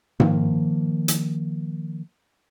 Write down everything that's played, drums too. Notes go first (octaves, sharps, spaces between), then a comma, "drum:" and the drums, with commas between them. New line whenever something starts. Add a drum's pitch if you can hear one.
D#3 F3 A#3, drum: tom G#2
drum: hi-hat